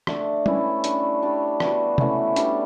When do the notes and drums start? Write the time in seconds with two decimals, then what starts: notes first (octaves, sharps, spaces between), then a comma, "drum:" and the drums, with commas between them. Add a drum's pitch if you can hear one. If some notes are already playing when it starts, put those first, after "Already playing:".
0.07 D3 A3 D4, drum: rim click
0.46 E3 A3 C#4 E4, drum: tom
0.84 G3 D4 G4, drum: hi-hat
1.22 G3 D4 G4
1.60 G3 B3 F#4, drum: rim click
1.98 E3 A3 C#4, drum: tom C3
2.36 G3 D4 G4, drum: hi-hat